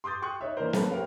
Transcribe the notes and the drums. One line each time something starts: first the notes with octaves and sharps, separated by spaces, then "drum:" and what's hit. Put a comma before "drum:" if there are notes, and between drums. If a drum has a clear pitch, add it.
C6 D6 D#6 G6 A6
G5 C6 C#6 D#6 F#6
D#4 C#5 E5
E3 A#3 D4 E4 A#4 C5
A3 A#3 C#4 A4 B4, drum: snare
G4 A#4 C5 C#5 E5 F5